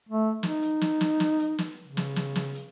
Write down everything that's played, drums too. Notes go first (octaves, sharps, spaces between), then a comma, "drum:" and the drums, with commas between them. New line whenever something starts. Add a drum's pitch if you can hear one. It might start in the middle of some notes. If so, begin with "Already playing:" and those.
A3
D#4, drum: snare
drum: hi-hat
drum: snare
drum: snare
drum: snare
drum: hi-hat
drum: snare
C#3
drum: snare
drum: snare
drum: snare
drum: hi-hat